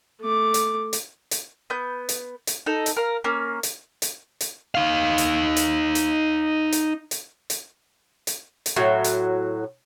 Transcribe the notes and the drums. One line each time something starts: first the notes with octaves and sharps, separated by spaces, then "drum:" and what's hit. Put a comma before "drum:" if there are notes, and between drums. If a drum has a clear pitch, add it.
A3 D6
drum: hi-hat
drum: hi-hat
drum: hi-hat
B3 G6
drum: hi-hat
drum: hi-hat
D#4 A4
drum: hi-hat
A#4 F5
A#3 C#4
drum: hi-hat
drum: hi-hat
drum: hi-hat
D#4 F5
drum: hi-hat
drum: hi-hat
drum: hi-hat
drum: hi-hat
drum: hi-hat
drum: hi-hat
drum: hi-hat
drum: hi-hat
A2 F#3
drum: hi-hat